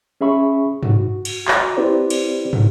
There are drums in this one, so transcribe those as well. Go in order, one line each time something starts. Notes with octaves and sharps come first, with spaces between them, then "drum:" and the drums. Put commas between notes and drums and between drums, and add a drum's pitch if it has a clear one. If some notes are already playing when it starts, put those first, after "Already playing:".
C#4 G#4 E5 B5 C#6
F#4, drum: tom G2
drum: cymbal
F#4 A#5, drum: clap
C4 E4 G4 B4 C5 D5
drum: cymbal
drum: tom